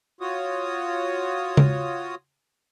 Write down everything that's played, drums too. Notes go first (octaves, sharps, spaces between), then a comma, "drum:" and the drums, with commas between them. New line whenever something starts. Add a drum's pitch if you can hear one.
F4 F#4 C#5 D#6
drum: tom